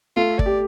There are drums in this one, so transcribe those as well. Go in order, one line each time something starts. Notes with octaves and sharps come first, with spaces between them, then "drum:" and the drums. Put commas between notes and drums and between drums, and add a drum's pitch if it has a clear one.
A3 F4
D5, drum: kick
G4